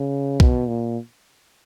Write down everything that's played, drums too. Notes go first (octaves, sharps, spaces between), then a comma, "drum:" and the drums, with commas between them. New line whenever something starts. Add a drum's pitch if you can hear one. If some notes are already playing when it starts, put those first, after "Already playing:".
Already playing: C#3
B2, drum: kick
A#2